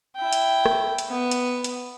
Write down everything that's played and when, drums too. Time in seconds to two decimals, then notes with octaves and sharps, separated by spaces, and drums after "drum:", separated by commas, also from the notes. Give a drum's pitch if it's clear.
0.16 E4 G5
0.33 drum: hi-hat
0.66 drum: rim click
0.98 drum: hi-hat
1.09 B3
1.31 drum: hi-hat
1.64 drum: hi-hat